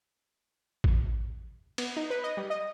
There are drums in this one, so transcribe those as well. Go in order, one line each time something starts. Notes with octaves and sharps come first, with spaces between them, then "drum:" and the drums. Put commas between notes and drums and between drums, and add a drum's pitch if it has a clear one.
drum: kick
B3, drum: cymbal
D#4
B4
D#5
G3
D#5